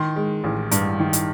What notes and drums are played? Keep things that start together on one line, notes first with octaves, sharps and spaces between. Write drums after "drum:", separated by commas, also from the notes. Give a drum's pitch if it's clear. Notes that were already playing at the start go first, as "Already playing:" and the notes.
Already playing: D#3 C6
G#3
A1
G2, drum: hi-hat
D#3
drum: hi-hat